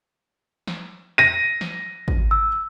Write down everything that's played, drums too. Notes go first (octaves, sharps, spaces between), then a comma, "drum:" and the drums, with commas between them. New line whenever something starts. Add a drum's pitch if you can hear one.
drum: snare
A#6 D#7
drum: snare
drum: kick
E6